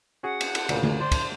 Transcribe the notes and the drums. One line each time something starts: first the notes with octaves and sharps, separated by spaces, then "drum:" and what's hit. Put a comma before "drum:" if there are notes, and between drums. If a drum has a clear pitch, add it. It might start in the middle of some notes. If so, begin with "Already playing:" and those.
C#4 F#4 G#4 F#5
drum: cymbal
drum: cymbal
D2 A#2 C#3, drum: cymbal
drum: tom D3
C5 D5 C6
drum: kick, cymbal